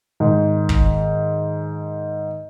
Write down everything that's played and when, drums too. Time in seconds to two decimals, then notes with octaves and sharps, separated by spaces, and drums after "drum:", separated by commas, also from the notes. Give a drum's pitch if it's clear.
0.20 G#2 D#3
0.69 drum: kick